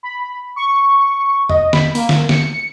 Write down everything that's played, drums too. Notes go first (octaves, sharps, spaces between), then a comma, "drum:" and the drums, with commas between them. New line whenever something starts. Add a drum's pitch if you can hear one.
B5
C#6
D#5, drum: tom E2
B5, drum: snare
A#3, drum: open hi-hat
drum: snare
C#7, drum: snare